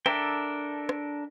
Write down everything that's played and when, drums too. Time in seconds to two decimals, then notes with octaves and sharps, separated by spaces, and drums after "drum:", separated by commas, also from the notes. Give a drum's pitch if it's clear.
0.06 D4 A4 A#4 E5 G5, drum: rim click
0.89 drum: rim click